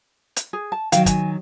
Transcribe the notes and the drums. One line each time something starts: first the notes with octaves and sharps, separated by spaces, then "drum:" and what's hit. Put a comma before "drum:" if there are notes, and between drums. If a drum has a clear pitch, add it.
drum: hi-hat
G#4
A5
D#3 F#3 F5 G5, drum: hi-hat
G#5, drum: kick, hi-hat